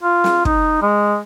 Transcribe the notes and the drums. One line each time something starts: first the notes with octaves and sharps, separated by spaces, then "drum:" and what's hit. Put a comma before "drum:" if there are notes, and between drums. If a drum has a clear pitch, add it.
F4
drum: snare
D#4, drum: kick
G#3